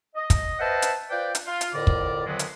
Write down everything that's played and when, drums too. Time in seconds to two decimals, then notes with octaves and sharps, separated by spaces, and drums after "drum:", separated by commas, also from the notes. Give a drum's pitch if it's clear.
0.15 D#5
0.30 drum: kick, hi-hat
0.60 B4 C5 D#5 E5 F#5 A5
0.82 drum: hi-hat
1.10 F4 B4 C5 D5 G5
1.35 drum: hi-hat
1.47 F4
1.61 drum: hi-hat
1.73 F2 A2 D3 A#4 D5
1.87 drum: kick
2.26 F2 D3 D#3 F#3 G#3 B3
2.39 drum: hi-hat